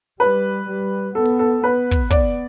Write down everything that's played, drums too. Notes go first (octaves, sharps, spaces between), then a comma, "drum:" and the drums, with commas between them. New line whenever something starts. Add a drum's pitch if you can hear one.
G3 B4
G3
B3 A4
drum: hi-hat
A4
B3 B4
drum: kick
B3 D5, drum: kick